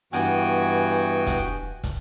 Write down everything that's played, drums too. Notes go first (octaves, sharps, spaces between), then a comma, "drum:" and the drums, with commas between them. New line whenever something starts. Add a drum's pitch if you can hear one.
G2 E3 B3 F#4 G5 G#5, drum: hi-hat
drum: kick, hi-hat
drum: kick, hi-hat